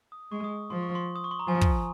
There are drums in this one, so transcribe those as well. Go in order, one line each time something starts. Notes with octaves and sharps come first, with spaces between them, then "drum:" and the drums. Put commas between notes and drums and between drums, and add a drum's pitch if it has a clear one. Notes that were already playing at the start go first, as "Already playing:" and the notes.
D#6
G#3 C#6
D#6
F3 C6
C#6
C6
D#6
C#6
C6
A#5
F3 G#5
drum: kick